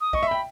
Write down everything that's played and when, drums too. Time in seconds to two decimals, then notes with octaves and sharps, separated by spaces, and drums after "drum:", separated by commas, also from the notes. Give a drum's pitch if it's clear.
0.01 D#6
0.13 D#5 C#6, drum: kick
0.23 E5
0.28 G5 B5